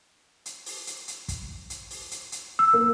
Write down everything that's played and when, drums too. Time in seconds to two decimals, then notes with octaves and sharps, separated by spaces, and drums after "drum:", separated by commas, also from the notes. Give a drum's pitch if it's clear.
0.46 drum: hi-hat
0.66 drum: open hi-hat
0.87 drum: hi-hat
1.08 drum: hi-hat
1.28 drum: kick, hi-hat
1.70 drum: hi-hat
1.91 drum: open hi-hat
2.11 drum: hi-hat
2.32 drum: hi-hat
2.59 E6
2.74 A#3